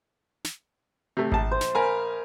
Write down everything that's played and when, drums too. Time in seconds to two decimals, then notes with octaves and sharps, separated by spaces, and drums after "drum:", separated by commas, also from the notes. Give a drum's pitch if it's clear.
0.44 drum: snare
1.17 C3 A3
1.32 A#1 A5, drum: kick G#1
1.51 C5
1.61 drum: snare
1.75 A#4 F5 G#5 A#5 B5